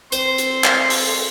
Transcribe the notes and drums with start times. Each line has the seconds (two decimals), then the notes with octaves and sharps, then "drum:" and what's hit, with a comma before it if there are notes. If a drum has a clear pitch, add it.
0.12 C4 C5 C6, drum: hi-hat
0.38 drum: hi-hat
0.64 drum: clap
0.90 drum: open hi-hat